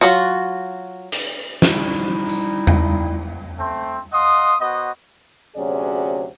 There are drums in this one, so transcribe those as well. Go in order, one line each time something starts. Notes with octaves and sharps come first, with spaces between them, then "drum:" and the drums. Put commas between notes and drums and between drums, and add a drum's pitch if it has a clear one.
F#3 F4 F#4
drum: hi-hat
G3 D#4 E4, drum: snare
drum: tambourine
drum: tom E2
A3 C4
D#5 F5 F#5 C6 D#6
B3 F#4 C5 D#5
D2 C3 F#3 C#4 G#4 D5